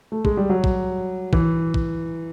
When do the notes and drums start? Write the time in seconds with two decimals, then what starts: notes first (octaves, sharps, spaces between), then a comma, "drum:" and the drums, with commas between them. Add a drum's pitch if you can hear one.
0.12 A3
0.25 G#3, drum: kick
0.37 G3
0.49 F#3
0.64 drum: kick
1.33 E3, drum: kick
1.74 drum: kick